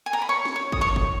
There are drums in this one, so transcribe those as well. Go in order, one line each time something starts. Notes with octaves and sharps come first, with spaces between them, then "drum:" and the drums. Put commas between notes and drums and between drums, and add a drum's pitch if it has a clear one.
G#5
A#5
B5
C#5 C#6
drum: snare
C#5
D#6, drum: kick
C#5 C#6
drum: kick